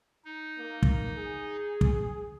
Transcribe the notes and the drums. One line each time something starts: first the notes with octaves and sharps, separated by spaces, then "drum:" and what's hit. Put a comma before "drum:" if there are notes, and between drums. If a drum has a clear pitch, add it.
D#4
A#3
drum: kick
G#4
drum: kick